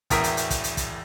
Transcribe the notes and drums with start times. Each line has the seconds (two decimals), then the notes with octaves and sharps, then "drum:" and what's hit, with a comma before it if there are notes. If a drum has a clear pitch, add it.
0.10 E1 E2 A2 A#4 D#6 B6, drum: kick, hi-hat
0.24 drum: hi-hat
0.37 drum: hi-hat
0.50 drum: kick, hi-hat
0.64 drum: hi-hat
0.77 drum: kick, hi-hat